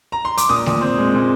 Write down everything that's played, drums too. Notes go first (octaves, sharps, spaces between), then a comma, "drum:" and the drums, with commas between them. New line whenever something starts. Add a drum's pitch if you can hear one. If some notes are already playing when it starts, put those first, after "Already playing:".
A#5
C6
D6, drum: hi-hat
A#2 D#6
A#2, drum: snare A3
C4
G#3
A#2